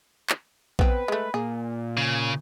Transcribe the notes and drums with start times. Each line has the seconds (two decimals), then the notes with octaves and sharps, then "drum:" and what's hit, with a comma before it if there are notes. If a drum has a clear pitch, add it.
0.30 drum: clap
0.79 B3 C4 B4, drum: kick A#1
1.08 G#3 A3
1.34 A#2 G#4
1.97 C#3